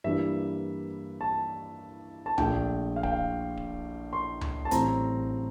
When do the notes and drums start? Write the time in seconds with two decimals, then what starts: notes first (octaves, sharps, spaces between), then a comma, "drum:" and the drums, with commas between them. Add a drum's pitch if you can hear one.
0.04 G2 E3 G3 A#3 E5
1.21 A5
2.26 A5
2.38 A#1 A#2 A3 G5, drum: tom C#2
2.96 F5
3.03 G5, drum: kick D1
3.12 F5
3.57 drum: kick D1
4.13 C6
4.41 drum: tom C#2
4.65 A5
4.71 A1 A2 G3 C4 A#5, drum: hi-hat